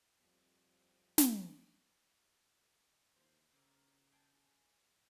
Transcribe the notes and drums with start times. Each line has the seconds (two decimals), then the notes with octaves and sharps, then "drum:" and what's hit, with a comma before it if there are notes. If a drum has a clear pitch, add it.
0.15 F2 G3 C4
1.18 drum: snare
3.16 D#2 F4 C5
3.53 C#3 A#3 C4
4.12 G#4 G5 A5